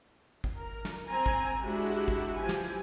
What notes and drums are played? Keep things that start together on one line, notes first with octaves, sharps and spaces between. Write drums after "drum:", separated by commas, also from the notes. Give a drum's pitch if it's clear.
drum: kick
A#4
drum: snare
C4 G#5 A#5
drum: kick
G#3 D4 E4 F#4 G4
drum: kick
E3 F3 G4 G#5
drum: snare